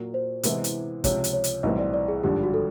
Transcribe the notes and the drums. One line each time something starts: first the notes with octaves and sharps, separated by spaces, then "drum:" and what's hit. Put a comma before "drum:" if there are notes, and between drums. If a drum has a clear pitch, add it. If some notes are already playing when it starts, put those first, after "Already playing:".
Already playing: A#2 F#3 A#3
C5
C3 E3 G#3 B3 E4, drum: hi-hat
drum: hi-hat
C#2 C3 F3 C#5, drum: kick, hi-hat
drum: hi-hat
C#5
drum: hi-hat
B1 A2 E3 G3 C4 D#5
D5
D5
G#4
G#1 G2 D3 F3 G4
F#4
A4